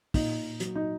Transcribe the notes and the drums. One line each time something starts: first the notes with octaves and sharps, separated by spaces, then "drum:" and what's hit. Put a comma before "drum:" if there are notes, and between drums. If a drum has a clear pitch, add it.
A#2 D#4, drum: kick, open hi-hat
F#3, drum: hi-hat
D#4